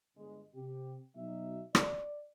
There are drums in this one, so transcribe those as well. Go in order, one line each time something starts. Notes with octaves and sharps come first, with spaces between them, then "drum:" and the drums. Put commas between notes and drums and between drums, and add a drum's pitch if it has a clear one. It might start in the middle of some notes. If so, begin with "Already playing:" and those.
G1 G#3
C3 G4
B2 F#3 D#4 E5
D5, drum: rim click